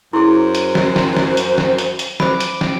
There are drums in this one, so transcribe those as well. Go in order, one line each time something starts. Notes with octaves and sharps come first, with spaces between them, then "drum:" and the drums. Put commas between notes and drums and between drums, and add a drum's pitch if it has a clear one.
F#2 E4 G#4 C5
drum: hi-hat
drum: snare
drum: snare
drum: snare
drum: hi-hat
drum: snare
drum: hi-hat
drum: hi-hat
C5 B5 D6, drum: snare
drum: hi-hat
drum: snare